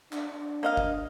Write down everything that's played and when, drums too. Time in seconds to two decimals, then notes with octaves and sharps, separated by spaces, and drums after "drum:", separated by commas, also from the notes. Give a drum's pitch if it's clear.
0.13 D4, drum: clap
0.63 A#3 D#5 F5
0.77 drum: kick G1